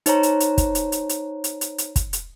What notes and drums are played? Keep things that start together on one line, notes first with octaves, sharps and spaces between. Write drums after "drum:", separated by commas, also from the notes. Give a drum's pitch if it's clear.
D#4 C5 C#5 A#5, drum: hi-hat
drum: hi-hat
drum: hi-hat
drum: kick, hi-hat
drum: hi-hat
drum: hi-hat
drum: hi-hat
drum: hi-hat
drum: hi-hat
drum: hi-hat
drum: kick, hi-hat
drum: hi-hat